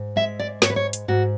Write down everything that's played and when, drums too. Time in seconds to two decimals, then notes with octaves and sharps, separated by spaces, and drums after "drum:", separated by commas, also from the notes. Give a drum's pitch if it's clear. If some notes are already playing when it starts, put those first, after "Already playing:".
Already playing: G#2
0.16 G#3 E5
0.40 D5
0.62 G#2 C#5, drum: snare
0.70 B4
0.76 C#5
0.93 drum: hi-hat
1.08 G#2 F#4